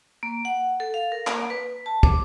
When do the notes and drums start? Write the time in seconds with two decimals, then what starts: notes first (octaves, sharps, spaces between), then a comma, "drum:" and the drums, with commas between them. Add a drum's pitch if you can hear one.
0.23 A#3
0.45 F#5
0.80 A4
0.94 F5
1.12 A#4
1.27 A#3, drum: clap
1.50 B4
1.86 A5
2.03 D6, drum: kick